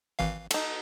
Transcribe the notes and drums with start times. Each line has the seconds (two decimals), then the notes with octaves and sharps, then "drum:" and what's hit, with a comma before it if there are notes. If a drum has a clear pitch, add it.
0.19 G#1 E3 F5
0.51 D#4 A4, drum: cymbal